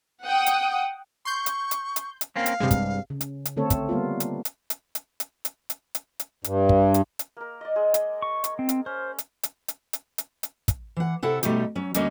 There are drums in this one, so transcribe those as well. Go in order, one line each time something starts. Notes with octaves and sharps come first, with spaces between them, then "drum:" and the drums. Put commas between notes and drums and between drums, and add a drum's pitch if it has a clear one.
F#5 G5 D#6
drum: hi-hat
C6 C#6 G6
drum: hi-hat
drum: hi-hat
drum: hi-hat
drum: hi-hat
A#3 C4 C#4 F5
drum: hi-hat
G2 C3 G#3
drum: kick, hi-hat
C#3
drum: hi-hat
drum: hi-hat
D3 A3 C4 A4 C#5
drum: kick, hi-hat
G3 A#3 B3 F4
drum: hi-hat
drum: hi-hat
drum: hi-hat
drum: hi-hat
drum: hi-hat
drum: hi-hat
drum: hi-hat
drum: hi-hat
drum: hi-hat
G2, drum: hi-hat
drum: kick
drum: hi-hat
drum: hi-hat
A#3 A#4
D5 D#5
G#3 G#4
drum: hi-hat
C#6
drum: hi-hat
C4
drum: hi-hat
C#4 C5
drum: hi-hat
drum: hi-hat
drum: hi-hat
drum: hi-hat
drum: hi-hat
drum: hi-hat
drum: kick, hi-hat
E3 F#5
C3 E4 A4 F#5
B2 G3 A3 D#4 G4, drum: hi-hat
F#3 C#4
D2 D3 G3 A#3 C#4 D#5, drum: hi-hat